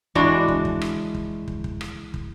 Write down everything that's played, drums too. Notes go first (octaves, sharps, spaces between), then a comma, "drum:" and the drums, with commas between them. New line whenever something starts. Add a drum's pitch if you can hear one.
E3 G#3 D4 F#4, drum: kick
drum: kick
drum: kick
drum: rim click
drum: kick
drum: kick
drum: kick
drum: rim click
drum: kick